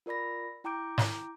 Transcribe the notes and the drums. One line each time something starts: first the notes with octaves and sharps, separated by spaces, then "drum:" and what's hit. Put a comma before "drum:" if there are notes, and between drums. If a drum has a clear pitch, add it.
F4 A#4 D5 B5 A#6
E4 G5 A#5 D6 G6 D7
drum: snare